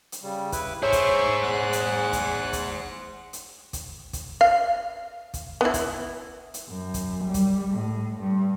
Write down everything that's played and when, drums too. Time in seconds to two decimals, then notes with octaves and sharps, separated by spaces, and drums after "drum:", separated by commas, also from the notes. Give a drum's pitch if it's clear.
0.12 drum: hi-hat
0.23 C#3 G3
0.52 E4 B4, drum: kick, hi-hat
0.83 G#4 C5 C#5 E5 C#6
0.92 drum: kick, hi-hat
1.43 E2 F#5 F#6
1.73 drum: hi-hat
2.13 drum: kick, hi-hat
2.53 drum: kick, hi-hat
3.33 drum: hi-hat
3.73 drum: kick, hi-hat
4.13 drum: kick, hi-hat
4.41 F5
5.34 drum: kick, hi-hat
5.61 B3 E4
5.74 drum: kick, hi-hat
6.54 drum: hi-hat
6.69 F#2
6.94 drum: kick, hi-hat
7.24 G3
7.34 drum: kick, hi-hat
7.72 A2
8.19 G2